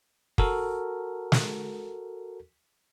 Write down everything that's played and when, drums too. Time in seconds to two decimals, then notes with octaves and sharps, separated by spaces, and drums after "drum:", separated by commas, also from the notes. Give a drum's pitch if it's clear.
0.38 F#4 A4 A#4, drum: kick
1.32 drum: snare